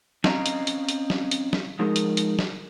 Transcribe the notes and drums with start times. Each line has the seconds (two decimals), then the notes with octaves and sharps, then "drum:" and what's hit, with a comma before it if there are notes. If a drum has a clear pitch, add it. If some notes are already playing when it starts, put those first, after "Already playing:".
0.24 C4 C#4 D#5 F5 A#5, drum: snare
0.46 drum: hi-hat
0.67 drum: hi-hat
0.89 drum: hi-hat
1.10 drum: snare
1.31 drum: hi-hat
1.53 drum: snare
1.79 F3 G#3 D#4 G#4 A#4
1.96 drum: hi-hat
2.17 drum: hi-hat
2.39 drum: snare